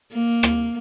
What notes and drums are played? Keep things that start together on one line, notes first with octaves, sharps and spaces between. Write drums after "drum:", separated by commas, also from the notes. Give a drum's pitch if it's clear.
A#3
drum: rim click